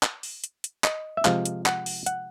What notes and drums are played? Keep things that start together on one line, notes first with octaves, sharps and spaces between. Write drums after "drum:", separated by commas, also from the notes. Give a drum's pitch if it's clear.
drum: clap
drum: open hi-hat
drum: hi-hat
drum: hi-hat
D#5, drum: clap
E5
C3 F3 G#3 F5, drum: clap
drum: hi-hat
F#5, drum: clap
drum: open hi-hat
F#5, drum: hi-hat